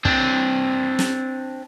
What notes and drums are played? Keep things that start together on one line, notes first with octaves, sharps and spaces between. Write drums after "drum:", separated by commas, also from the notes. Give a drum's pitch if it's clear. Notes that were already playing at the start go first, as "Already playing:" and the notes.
C4 D4, drum: kick
drum: snare